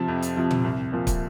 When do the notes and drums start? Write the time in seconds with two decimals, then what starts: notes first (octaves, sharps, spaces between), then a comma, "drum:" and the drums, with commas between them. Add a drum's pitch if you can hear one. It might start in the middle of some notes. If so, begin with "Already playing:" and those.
Already playing: C3 F3 A5
0.08 F2
0.22 drum: hi-hat
0.37 C3 F3
0.51 drum: tom A#2
0.64 C2
0.93 A#2 F3
1.07 drum: kick, hi-hat